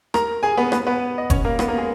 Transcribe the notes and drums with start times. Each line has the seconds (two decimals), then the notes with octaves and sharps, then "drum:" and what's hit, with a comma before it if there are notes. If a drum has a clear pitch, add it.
0.14 A#4 A#5, drum: rim click
0.43 G#4 G#5
0.57 B3 B4
0.72 B3 B4, drum: rim click
0.87 B3 B4
1.18 D#5
1.30 C#4 C#5, drum: kick F1, hi-hat
1.45 A#3 A#4
1.59 B3 B4, drum: rim click
1.68 A#3 A#4
1.78 G#3 G#4